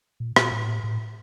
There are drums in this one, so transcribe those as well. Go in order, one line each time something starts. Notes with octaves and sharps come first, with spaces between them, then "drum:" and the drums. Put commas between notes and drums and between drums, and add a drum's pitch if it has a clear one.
A#2
A#2, drum: rim click
A2
A2